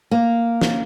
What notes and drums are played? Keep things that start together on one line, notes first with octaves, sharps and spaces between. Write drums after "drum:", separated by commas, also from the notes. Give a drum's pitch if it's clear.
A#3
drum: snare